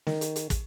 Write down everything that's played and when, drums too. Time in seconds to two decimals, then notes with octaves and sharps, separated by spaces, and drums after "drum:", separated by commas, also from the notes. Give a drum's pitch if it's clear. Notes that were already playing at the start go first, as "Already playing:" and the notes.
0.07 D#3, drum: snare
0.21 drum: hi-hat
0.36 drum: hi-hat
0.50 drum: kick, hi-hat